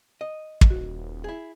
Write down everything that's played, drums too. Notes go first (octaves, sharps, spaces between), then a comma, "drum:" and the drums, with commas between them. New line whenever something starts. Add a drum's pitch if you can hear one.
D#5
drum: kick
D#1 F#4
E4 G#4